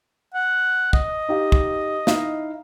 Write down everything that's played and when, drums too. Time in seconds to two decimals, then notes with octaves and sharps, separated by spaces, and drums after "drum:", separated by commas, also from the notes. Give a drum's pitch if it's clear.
0.34 F#5
0.93 D#5, drum: kick
1.29 D#4 G4 F5
1.52 drum: kick
2.07 D#4 E4 F5, drum: snare